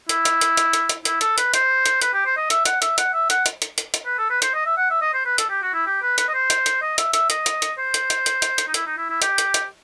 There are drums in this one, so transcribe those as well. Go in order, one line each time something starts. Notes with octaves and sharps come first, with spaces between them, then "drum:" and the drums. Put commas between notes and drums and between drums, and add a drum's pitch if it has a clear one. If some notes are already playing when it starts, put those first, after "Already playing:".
E4, drum: hi-hat
drum: hi-hat
drum: hi-hat
drum: hi-hat
drum: hi-hat
drum: hi-hat
E4, drum: hi-hat
A4, drum: hi-hat
B4, drum: hi-hat
C5, drum: hi-hat
drum: hi-hat
B4, drum: hi-hat
G4
C5
D#5
E5, drum: hi-hat
F#5, drum: hi-hat
E5, drum: hi-hat
F#5, drum: hi-hat
E5
F#5, drum: hi-hat
drum: hi-hat
drum: hi-hat
drum: hi-hat
drum: hi-hat
B4
A4
B4
C5, drum: hi-hat
D#5
E5
F#5
E5
D#5
C5
B4
A4, drum: hi-hat
G4
F#4
E4
G4
B4
B4, drum: hi-hat
D#5
C5
drum: hi-hat
drum: hi-hat
D#5
E5, drum: hi-hat
E5, drum: hi-hat
D#5, drum: hi-hat
drum: hi-hat
drum: hi-hat
C5
drum: hi-hat
drum: hi-hat
drum: hi-hat
drum: hi-hat
drum: hi-hat
D#4
E4, drum: hi-hat
D#4
E4
E4
G4, drum: hi-hat
drum: hi-hat
drum: hi-hat